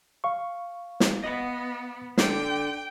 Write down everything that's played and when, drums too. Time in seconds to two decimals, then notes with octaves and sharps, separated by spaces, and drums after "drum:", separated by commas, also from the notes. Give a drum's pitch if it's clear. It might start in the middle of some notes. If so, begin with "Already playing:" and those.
0.24 F5 C#6
1.00 drum: snare
1.24 B3 D#5 F#5
2.18 D4 A4 G5, drum: snare